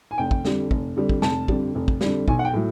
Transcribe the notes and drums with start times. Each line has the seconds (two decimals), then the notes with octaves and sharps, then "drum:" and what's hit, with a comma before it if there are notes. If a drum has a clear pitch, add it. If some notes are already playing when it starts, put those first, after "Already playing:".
0.11 G#5
0.18 F1 G5
0.31 drum: kick
0.45 F2 D3 G3, drum: snare
0.71 F1, drum: kick
0.96 F2 D3 G3
1.09 drum: kick
1.22 F1 A5, drum: snare
1.48 F2 D3 G3, drum: kick
1.75 F1
1.88 drum: kick
2.01 F2 D3 G3, drum: snare
2.28 B1 G#5, drum: kick
2.39 F#5
2.45 G5
2.54 A2 F#3